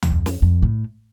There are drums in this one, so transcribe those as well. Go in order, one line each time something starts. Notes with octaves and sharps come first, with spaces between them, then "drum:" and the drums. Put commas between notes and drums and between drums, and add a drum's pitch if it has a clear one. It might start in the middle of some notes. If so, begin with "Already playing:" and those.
drum: tom D2
F2
drum: snare
F2
A2